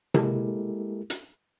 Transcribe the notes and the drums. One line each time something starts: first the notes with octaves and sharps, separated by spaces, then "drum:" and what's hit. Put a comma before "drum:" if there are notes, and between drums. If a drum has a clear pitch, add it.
G#3 A#3 E4 G4 A4 A#4, drum: tom C3
drum: hi-hat